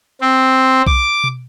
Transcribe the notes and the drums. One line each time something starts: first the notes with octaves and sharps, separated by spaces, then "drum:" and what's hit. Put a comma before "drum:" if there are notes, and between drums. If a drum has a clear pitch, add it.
C4
D6, drum: kick B1
drum: tom B2